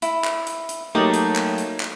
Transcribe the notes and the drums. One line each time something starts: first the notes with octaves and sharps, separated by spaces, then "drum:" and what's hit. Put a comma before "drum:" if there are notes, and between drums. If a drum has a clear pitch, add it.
E4, drum: hi-hat
drum: clap
drum: hi-hat
drum: hi-hat
F#3 A3 A#3 D#4 G4 A5 D#6
drum: hi-hat
drum: clap
drum: hi-hat
drum: clap